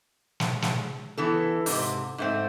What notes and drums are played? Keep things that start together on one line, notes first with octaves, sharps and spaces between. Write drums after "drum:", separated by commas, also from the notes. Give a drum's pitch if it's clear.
drum: snare
drum: snare
E3 B3 A4
G#2 C3, drum: open hi-hat
G#2 A3 C4